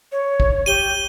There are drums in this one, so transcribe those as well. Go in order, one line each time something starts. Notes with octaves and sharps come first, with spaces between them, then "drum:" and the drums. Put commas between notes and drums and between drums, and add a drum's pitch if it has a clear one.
C#5
drum: kick
G4 D#7 G7